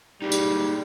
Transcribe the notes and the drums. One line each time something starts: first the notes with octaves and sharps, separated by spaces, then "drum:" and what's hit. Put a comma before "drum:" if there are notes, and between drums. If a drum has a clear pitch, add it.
G3 D#4 G4 G#4
drum: tambourine